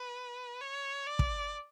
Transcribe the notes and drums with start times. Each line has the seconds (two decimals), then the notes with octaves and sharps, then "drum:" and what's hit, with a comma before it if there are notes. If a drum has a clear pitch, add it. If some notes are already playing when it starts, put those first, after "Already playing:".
Already playing: B4
0.61 C#5
1.06 D5
1.19 drum: kick